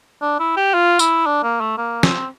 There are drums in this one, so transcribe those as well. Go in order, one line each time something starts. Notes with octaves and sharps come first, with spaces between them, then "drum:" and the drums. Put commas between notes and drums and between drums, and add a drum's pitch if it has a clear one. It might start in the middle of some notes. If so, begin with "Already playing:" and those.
D4
E4
G4
F4
E4, drum: tambourine
D4
A#3
A3
A#3
C4, drum: snare